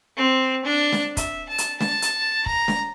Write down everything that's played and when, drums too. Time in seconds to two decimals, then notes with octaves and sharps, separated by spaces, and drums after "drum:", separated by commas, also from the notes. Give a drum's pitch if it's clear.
0.17 C4
0.65 D4
0.92 drum: snare
1.17 E5, drum: kick, hi-hat
1.49 A5
1.58 drum: hi-hat
1.81 A5, drum: snare
2.02 drum: hi-hat
2.46 A#5, drum: kick
2.68 drum: snare